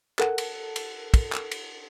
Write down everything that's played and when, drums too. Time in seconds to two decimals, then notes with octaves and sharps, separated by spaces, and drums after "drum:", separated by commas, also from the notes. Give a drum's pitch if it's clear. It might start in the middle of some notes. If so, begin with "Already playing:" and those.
0.19 A4 A#4 F#5, drum: clap
0.38 drum: cymbal
0.76 drum: cymbal
1.14 drum: kick, cymbal
1.33 drum: clap
1.51 drum: cymbal